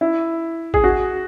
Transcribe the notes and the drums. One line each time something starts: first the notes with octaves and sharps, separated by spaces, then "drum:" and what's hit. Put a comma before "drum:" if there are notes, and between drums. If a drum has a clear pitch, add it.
E4
G#4, drum: kick A1
F#4